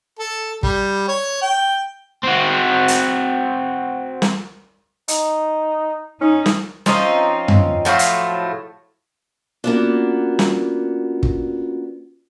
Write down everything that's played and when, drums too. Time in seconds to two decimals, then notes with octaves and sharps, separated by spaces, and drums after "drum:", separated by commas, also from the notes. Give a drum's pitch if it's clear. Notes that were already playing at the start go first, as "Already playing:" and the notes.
0.19 A4
0.63 G3, drum: kick
1.08 C#5
1.42 G5
2.24 C4 F#4
2.88 drum: hi-hat
4.22 drum: snare
5.08 D#4, drum: hi-hat
6.21 C#4 D#4
6.46 drum: snare
6.86 F3 C4 C#4 D#4, drum: snare
7.48 drum: tom F#2
7.85 A2 F3 F#3 A3
7.99 drum: hi-hat
9.64 A#3 B3 C#4 D4 F4 F#4
10.39 drum: snare
11.23 drum: kick